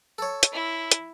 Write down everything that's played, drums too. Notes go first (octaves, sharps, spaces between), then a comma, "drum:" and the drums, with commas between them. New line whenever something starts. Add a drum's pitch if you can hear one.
A4 C#5
drum: hi-hat
E4
drum: hi-hat